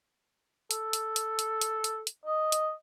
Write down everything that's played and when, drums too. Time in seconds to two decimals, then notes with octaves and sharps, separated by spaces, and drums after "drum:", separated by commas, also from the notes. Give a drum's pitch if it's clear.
0.71 A4, drum: hi-hat
0.93 drum: hi-hat
1.16 drum: hi-hat
1.39 drum: hi-hat
1.61 drum: hi-hat
1.84 drum: hi-hat
2.07 drum: hi-hat
2.26 D#5
2.52 drum: hi-hat